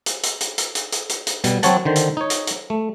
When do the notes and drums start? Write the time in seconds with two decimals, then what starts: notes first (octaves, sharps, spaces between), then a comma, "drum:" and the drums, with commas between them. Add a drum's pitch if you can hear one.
0.06 drum: hi-hat
0.23 drum: hi-hat
0.40 drum: hi-hat
0.58 drum: hi-hat
0.75 drum: hi-hat
0.92 drum: hi-hat
1.09 drum: hi-hat
1.27 drum: hi-hat
1.44 B2 G3, drum: hi-hat
1.63 F#3 C4 F#4 C#5 F#5 A5, drum: hi-hat
1.85 D3 D#3 C5
1.95 drum: hi-hat
2.17 D#4 C#5
2.30 drum: hi-hat
2.47 drum: hi-hat
2.70 A3